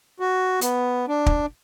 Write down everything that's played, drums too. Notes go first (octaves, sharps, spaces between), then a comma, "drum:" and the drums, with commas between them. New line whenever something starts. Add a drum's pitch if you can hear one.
F#4
B3, drum: hi-hat
D4
drum: kick